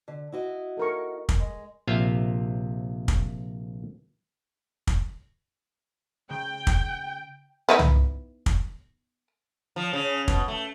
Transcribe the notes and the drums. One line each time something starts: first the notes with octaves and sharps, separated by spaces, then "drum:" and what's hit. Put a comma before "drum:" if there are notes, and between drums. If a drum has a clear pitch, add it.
D3
E4 F#4 D#5
A4 A#4 C#6
drum: kick
G#3
A#1 C3 F4 E5 F5
drum: kick
drum: kick
C#3 G5
drum: kick
B3 D#4 E4
drum: tom
drum: kick
F3
C#3
B2, drum: kick
A3